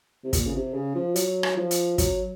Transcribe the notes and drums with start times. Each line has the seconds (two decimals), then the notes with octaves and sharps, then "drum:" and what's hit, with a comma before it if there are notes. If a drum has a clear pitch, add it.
0.24 C3
0.33 A#2, drum: kick, hi-hat
0.46 C#3
0.54 C3
0.74 C#3
0.95 F3
1.16 F#3, drum: hi-hat
1.43 drum: rim click
1.57 F3
1.71 drum: hi-hat
1.98 F#3, drum: kick, hi-hat